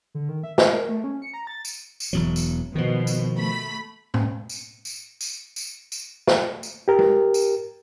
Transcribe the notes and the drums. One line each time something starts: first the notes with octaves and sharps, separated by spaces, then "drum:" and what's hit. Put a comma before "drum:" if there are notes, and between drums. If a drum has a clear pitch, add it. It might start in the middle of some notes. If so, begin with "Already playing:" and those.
D3
D#3
E5
G#3, drum: snare
A#4
A3
C#4
C#7
A#5
A6
drum: tambourine
drum: tambourine
E1 E2 F#3
drum: tambourine
B2 D#3 F3
drum: tambourine
A3 B5
drum: tom A2
drum: tambourine
drum: tambourine
drum: tambourine
drum: tambourine
drum: tambourine
drum: snare
drum: tambourine
G4 A#4
drum: tom G#3
drum: tambourine